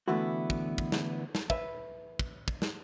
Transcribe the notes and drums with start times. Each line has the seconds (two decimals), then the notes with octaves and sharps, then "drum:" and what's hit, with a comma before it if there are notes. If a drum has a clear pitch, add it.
0.08 D3 E3 A3 B3 E4 F#4
0.50 drum: kick
0.78 drum: kick
0.92 drum: snare
1.35 drum: snare
1.50 B4 E5, drum: kick
2.19 drum: kick
2.48 drum: kick
2.62 drum: snare